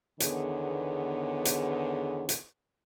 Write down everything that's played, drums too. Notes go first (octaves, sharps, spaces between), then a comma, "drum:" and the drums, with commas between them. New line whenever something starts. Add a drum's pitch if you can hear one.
E2 D3 D#3 B3 G#4 C#5, drum: hi-hat
drum: hi-hat
drum: hi-hat